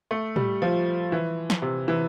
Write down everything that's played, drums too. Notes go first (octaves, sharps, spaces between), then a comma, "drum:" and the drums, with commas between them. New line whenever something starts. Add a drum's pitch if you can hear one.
A3
G3, drum: tom A2
F3
E3
drum: snare
C3
E3